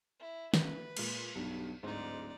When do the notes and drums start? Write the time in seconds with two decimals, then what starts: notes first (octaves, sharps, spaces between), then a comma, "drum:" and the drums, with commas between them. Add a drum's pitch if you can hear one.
0.19 E4
0.54 B4, drum: snare
0.97 A#2 G#3, drum: cymbal
1.35 B1 G2
1.83 D1 G#2 D#4 D5